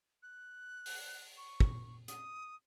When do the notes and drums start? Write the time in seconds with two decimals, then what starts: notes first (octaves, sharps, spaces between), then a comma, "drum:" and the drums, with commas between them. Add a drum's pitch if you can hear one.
0.23 F#6
0.86 drum: open hi-hat
1.37 C#6
1.60 drum: kick
2.08 D#6, drum: hi-hat